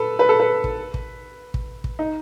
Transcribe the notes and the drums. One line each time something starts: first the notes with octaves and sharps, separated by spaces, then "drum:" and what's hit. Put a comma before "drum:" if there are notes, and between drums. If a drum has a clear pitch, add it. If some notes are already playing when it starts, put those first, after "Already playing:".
Already playing: A4 B4
B4
A4
B4
drum: kick
drum: kick
drum: kick
drum: kick
D#4